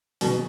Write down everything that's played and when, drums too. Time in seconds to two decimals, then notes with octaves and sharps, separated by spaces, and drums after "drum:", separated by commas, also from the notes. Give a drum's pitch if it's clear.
0.21 B2 D#3 F#3 C#4 G#4, drum: open hi-hat